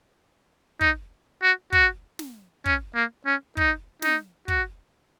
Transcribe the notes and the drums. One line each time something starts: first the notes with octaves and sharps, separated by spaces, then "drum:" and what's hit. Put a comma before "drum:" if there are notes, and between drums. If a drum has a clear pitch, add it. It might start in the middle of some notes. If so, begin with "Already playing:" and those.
D#4, drum: kick
F#4
F#4, drum: kick
drum: snare
C#4, drum: kick
A#3
C#4
D#4, drum: kick
D#4, drum: snare
F#4, drum: kick